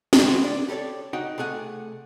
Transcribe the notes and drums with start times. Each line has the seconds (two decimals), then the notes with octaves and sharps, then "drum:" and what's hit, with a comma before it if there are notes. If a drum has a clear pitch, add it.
0.13 drum: snare
0.23 D#3 G#3 A#3 F#4
0.43 D4 D5
0.69 G4 A4 A#4 C#5 D5
1.13 D#4 F#4 F#5 G5
1.38 C3 A3 G#4 F#5 G#5